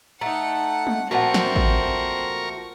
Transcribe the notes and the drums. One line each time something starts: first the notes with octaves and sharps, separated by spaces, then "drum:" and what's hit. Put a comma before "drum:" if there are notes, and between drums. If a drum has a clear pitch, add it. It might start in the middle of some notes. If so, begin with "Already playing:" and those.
A3 D#4 F#5 A#5
drum: tom
A#2 F3 A3 C4 F#4 A#4 F#5 C#6
drum: snare
drum: kick